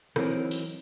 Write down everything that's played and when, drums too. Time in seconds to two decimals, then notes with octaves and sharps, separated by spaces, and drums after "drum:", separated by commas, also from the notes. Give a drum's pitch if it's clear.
0.16 E3 F#3 C4 D4 D#4 A#4, drum: rim click
0.51 drum: open hi-hat